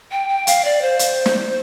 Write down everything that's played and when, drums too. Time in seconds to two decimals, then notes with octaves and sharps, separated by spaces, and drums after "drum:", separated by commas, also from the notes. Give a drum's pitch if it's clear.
0.11 G5
0.29 G5
0.47 F5, drum: hi-hat
0.65 D5
0.82 C5
0.99 drum: hi-hat
1.26 drum: snare